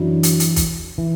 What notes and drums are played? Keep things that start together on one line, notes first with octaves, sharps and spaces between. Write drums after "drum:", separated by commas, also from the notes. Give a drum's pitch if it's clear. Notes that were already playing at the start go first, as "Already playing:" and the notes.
Already playing: F#2 E3 F#3 D4 F#4
drum: hi-hat
drum: hi-hat
drum: kick, hi-hat
E3